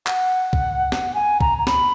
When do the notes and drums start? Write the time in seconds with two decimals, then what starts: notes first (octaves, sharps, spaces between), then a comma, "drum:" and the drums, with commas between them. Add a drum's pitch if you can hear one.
0.07 F#5, drum: clap
0.53 drum: kick
0.92 drum: snare
1.14 G#5
1.41 A#5, drum: kick
1.58 A#5
1.67 B5, drum: snare